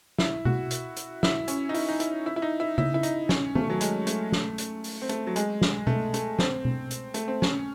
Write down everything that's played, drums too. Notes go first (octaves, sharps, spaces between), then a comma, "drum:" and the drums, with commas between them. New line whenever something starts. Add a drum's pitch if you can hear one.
E4, drum: snare
F#4, drum: tom B2
drum: hi-hat
drum: hi-hat
E4, drum: snare
C#4, drum: hi-hat
D#4
E4, drum: open hi-hat
D#4
E4, drum: hi-hat
E4
E4
D#4
E4
E4, drum: tom C#3
E4
D#4, drum: hi-hat
C#4, drum: snare
A3, drum: tom D#3
F#3
G#3, drum: hi-hat
A3, drum: hi-hat
drum: snare
drum: hi-hat
drum: open hi-hat
C4
A3, drum: hi-hat
F#3
G#3, drum: hi-hat
drum: snare
A3, drum: tom B2
A3, drum: hi-hat
C4, drum: snare
drum: tom B2
drum: hi-hat
A3, drum: hi-hat
C4
C#4, drum: snare